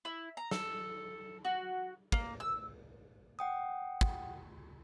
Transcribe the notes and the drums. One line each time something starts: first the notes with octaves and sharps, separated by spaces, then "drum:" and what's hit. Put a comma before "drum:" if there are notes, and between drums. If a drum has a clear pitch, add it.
E4
A#5
A4, drum: snare
F#4
A#3, drum: kick
E6
F#5 G5 D#6
drum: kick